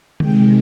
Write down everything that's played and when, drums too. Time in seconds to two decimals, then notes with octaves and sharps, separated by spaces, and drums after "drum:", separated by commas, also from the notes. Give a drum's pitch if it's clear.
0.20 C3 D#3 G#3 G5, drum: tom